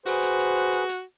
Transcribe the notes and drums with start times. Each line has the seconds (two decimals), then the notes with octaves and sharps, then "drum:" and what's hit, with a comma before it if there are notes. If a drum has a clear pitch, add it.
0.06 F#4 G#4 B4 C5, drum: open hi-hat
0.23 drum: hi-hat
0.39 drum: hi-hat
0.56 drum: hi-hat
0.72 drum: hi-hat
0.89 drum: hi-hat